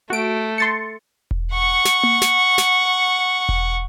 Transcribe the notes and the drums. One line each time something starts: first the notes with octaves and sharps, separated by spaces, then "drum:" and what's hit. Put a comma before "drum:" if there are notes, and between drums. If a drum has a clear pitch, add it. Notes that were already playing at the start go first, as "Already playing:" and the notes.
A3 F#4 D7
C6 A6 C#7
drum: kick E1
F#5 C#6
drum: snare
drum: tom A#3
drum: snare
drum: snare
drum: kick E1